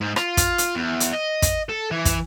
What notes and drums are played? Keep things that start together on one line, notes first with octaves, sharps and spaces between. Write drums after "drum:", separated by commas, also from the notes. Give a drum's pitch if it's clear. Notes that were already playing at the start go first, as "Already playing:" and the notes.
G#2
F4, drum: rim click
drum: kick, hi-hat
drum: hi-hat
E2
drum: hi-hat
D#5
drum: kick, hi-hat
A4
E3
drum: kick, hi-hat